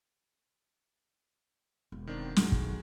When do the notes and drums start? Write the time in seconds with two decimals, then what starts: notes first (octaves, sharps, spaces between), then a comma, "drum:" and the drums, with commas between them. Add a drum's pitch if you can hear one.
1.92 E1
2.07 D#3 C4 D4
2.36 B1 F#2 D#3 G#3 F#4, drum: snare
2.52 B1, drum: kick